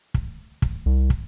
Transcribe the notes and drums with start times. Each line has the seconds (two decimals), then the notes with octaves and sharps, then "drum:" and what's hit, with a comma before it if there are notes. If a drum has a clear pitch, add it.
0.14 drum: kick
0.62 drum: kick
0.86 C2
1.10 drum: kick